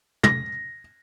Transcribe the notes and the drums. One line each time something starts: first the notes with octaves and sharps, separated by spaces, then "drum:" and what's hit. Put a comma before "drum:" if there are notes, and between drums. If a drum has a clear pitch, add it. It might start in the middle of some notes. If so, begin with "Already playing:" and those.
A#6, drum: tom